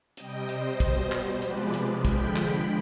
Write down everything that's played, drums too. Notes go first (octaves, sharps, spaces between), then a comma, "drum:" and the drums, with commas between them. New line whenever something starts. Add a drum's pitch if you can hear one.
C3 G3 D#5 G5, drum: hi-hat
C5 D#5, drum: hi-hat
B2 G3, drum: kick, hi-hat
C5, drum: clap
C3 F3 G#3 B4 D5, drum: hi-hat
drum: hi-hat
D3 F3 G#3 G5 B5, drum: kick, hi-hat
G5 B5, drum: clap